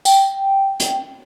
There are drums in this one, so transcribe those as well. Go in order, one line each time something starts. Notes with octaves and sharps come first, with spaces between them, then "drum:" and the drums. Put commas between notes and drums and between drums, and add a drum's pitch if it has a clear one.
G5, drum: tambourine
drum: hi-hat